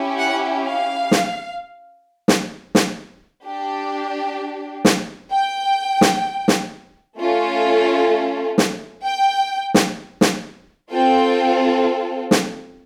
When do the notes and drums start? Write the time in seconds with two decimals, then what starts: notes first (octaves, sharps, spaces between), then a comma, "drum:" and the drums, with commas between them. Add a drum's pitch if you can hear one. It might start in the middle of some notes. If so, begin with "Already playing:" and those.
Already playing: C#4 E4 G4
0.18 F#5
0.65 F5
1.11 drum: snare
2.28 drum: snare
2.75 drum: snare
3.44 D4 G4
4.85 drum: snare
5.31 G5
6.01 drum: snare
6.48 drum: snare
7.18 A3 C#4 F4 A4
8.58 drum: snare
9.04 G5
9.74 drum: snare
10.21 drum: snare
10.91 C4 F4 A4 G5
12.31 drum: snare